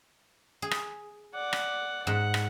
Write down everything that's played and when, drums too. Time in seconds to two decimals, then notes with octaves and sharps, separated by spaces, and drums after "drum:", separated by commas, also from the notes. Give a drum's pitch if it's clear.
0.62 G#4
0.71 drum: rim click
1.34 D5 F#5
1.53 drum: rim click
2.07 G#2 F#5
2.34 drum: rim click